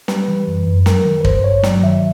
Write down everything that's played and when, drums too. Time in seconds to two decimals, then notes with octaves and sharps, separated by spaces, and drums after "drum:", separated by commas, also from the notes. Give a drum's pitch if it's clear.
0.08 G3 B4, drum: snare
0.28 E3
0.47 F#2
0.67 F#2
0.86 F#3 A#4, drum: snare
1.05 D#3
1.21 B4
1.24 G2 C5, drum: kick
1.44 G2 C#5
1.63 F#3 D5, drum: snare
1.83 D#3 E5